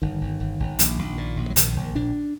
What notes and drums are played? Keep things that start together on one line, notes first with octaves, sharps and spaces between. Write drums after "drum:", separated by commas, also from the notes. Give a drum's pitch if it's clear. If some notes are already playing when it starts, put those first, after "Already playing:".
G1 D#3
G1
G1
G1
A#1, drum: hi-hat
A#1
A#2
A#1
F#3
A#1 D#3, drum: hi-hat
A#1
A#1 D4